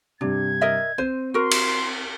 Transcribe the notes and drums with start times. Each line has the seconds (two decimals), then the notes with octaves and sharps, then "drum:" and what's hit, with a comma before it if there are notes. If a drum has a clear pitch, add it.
0.21 G2 C3 D4 G#6
0.61 A#4 D#5 E5
0.98 C4 C5 D#7
1.34 F#4 A#4 C6
1.51 drum: cymbal